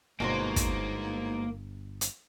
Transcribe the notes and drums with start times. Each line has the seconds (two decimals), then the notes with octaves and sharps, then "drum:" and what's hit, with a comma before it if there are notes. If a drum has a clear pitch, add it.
0.20 G1 G#2 B2 F#3 A#3 C5
0.56 drum: kick, hi-hat
2.01 drum: hi-hat